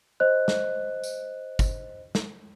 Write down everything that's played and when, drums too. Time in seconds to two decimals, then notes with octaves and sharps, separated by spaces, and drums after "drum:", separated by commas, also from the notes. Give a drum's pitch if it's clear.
0.20 C5 D#5 F#6
0.48 drum: snare
1.04 drum: tambourine
1.59 drum: kick G1, tambourine
2.15 drum: snare